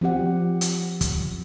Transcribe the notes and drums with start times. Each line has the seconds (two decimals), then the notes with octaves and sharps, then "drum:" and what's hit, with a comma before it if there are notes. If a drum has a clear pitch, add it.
0.01 F3 C4 G4 F#5
0.61 drum: hi-hat
1.01 drum: kick, hi-hat